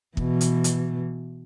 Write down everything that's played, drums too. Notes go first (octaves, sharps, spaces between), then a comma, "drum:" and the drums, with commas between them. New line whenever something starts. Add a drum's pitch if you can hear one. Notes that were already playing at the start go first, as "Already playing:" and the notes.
B2 E3, drum: kick
drum: hi-hat
drum: hi-hat